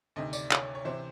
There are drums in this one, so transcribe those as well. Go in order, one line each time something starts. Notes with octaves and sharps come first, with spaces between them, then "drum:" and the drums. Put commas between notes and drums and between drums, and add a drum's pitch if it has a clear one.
D2 C3 D#3 D#5
D5, drum: tambourine
C#5, drum: clap
C#5
C3 E3 C5